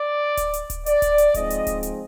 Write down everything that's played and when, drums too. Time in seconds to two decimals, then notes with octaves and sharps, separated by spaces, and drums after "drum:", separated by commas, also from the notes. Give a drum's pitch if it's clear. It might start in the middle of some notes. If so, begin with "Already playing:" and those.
Already playing: D5
0.37 drum: kick D1, hi-hat
0.54 drum: hi-hat
0.70 drum: kick D1, hi-hat
0.86 D5, drum: hi-hat
1.02 drum: kick D1, hi-hat
1.18 drum: hi-hat
1.34 F3 G#3 C4 D#4 D#5, drum: kick D1, hi-hat
1.50 drum: hi-hat
1.67 drum: kick D1, hi-hat
1.83 drum: hi-hat